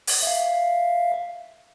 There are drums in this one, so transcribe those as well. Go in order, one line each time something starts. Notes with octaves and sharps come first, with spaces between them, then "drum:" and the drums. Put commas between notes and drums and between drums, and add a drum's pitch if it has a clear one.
drum: open hi-hat
E5 F5